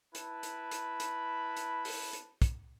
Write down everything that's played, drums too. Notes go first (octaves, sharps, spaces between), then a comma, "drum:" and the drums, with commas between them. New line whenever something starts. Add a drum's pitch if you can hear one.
E4 B4 A5 B5, drum: hi-hat
drum: hi-hat
drum: hi-hat
drum: hi-hat
drum: hi-hat
drum: open hi-hat
drum: hi-hat
drum: kick, hi-hat